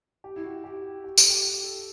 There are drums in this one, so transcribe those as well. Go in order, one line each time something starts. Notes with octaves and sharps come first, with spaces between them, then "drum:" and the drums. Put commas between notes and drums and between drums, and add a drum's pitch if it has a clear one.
G4
E4
F#4
G4
G4
A4, drum: tambourine
G4
G4
A4